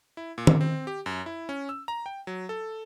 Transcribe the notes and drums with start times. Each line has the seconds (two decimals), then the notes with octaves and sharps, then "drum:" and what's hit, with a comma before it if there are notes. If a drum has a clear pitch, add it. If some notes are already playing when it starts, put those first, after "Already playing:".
0.17 E4
0.38 A#2
0.47 drum: tom D#3
0.61 C4
0.87 G4
1.06 F#2
1.26 E4
1.49 C#4
1.69 E6
1.88 A#5
2.06 G5
2.27 F#3
2.49 A4